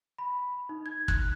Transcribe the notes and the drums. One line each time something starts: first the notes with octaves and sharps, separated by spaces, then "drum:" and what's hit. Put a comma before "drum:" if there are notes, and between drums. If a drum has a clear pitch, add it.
B5
D#4
G#6
F#6, drum: kick